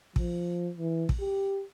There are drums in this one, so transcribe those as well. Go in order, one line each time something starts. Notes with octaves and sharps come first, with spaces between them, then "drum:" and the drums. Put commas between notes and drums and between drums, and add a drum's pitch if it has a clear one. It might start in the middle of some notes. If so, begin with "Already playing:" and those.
F3, drum: kick
E3
drum: kick
G4